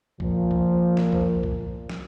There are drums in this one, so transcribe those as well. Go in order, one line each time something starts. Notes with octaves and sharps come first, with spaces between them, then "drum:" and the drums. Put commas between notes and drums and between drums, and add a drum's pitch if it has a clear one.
A#2 F3, drum: kick B1
drum: kick B1
drum: snare
drum: kick B1
drum: kick B1
drum: snare